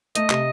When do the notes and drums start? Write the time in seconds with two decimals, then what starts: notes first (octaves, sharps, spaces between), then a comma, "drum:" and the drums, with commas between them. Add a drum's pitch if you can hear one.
0.15 A3 D#5, drum: hi-hat
0.30 C3, drum: clap